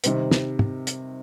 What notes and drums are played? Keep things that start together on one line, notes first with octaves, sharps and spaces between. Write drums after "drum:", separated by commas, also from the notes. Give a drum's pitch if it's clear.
C3 D#3 G3 C4, drum: hi-hat
drum: snare
drum: tom
drum: hi-hat